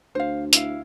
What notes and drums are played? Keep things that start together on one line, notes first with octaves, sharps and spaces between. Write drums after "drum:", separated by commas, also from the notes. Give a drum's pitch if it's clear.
D2 C5 F5
E4 F5, drum: hi-hat